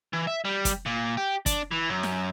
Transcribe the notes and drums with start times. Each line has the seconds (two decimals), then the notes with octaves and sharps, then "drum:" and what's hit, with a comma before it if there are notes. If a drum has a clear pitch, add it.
0.13 E3
0.27 E5
0.45 G3
0.65 drum: kick, hi-hat
0.86 A#2
1.17 G4
1.46 D4, drum: kick, hi-hat
1.71 E3
1.89 F#2
2.03 drum: snare